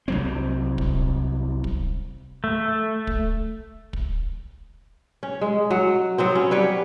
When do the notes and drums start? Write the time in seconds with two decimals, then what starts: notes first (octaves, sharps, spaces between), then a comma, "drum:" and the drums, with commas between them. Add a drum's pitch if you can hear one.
0.08 C2 F#3 C4
0.78 drum: kick
1.64 drum: kick
2.44 A3
3.07 drum: kick
3.93 drum: kick
5.23 C#4
5.41 G#3
5.71 F#3 F#4
6.18 F#3 B3 C4
6.35 C#4
6.51 G3 B4 C#5